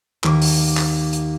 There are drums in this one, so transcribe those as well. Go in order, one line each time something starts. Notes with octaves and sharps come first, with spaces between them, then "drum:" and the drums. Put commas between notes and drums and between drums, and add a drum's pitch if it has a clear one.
D#2 D6, drum: clap
drum: open hi-hat
drum: clap
drum: hi-hat